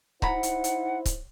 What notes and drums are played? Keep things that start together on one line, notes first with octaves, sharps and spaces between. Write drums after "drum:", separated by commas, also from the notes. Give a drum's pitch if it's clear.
F#3 D#4 E4 C5 F#5 A#5 B5, drum: kick C#1
drum: hi-hat
drum: hi-hat
drum: kick C#1, hi-hat